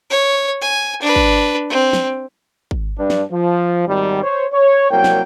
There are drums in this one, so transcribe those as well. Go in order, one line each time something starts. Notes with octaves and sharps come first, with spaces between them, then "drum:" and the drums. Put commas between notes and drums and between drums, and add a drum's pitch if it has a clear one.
C#5
G#5
D4 B4
drum: kick G#1
C4
drum: snare
drum: kick G#1
G2 D4
drum: snare
F3
G#1 D#3 G3
C5 C#5
C#5
C2 F#3 A#3 C#5 G5
drum: snare